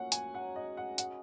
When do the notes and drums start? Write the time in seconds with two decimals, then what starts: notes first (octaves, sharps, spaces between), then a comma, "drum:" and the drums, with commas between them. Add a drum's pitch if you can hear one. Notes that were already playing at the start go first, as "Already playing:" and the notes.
Already playing: A#2 F#3 C#4 F#5
0.12 G#5, drum: hi-hat
0.33 C#3 F#3 D#4 A#4 F#5
0.56 D#5
0.77 F#5
0.98 G#3 F#4 F#5, drum: hi-hat